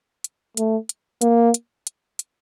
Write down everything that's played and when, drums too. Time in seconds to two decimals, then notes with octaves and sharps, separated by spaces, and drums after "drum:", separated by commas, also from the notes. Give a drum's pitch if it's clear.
0.24 drum: hi-hat
0.57 A3, drum: hi-hat
0.89 drum: hi-hat
1.21 A#3, drum: hi-hat
1.54 drum: hi-hat
1.87 drum: hi-hat
2.19 drum: hi-hat